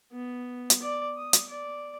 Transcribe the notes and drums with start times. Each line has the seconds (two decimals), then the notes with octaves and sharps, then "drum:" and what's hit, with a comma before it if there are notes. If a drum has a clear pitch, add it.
0.13 B3
0.70 drum: hi-hat
0.82 D5
1.17 D#6
1.33 drum: hi-hat
1.49 D5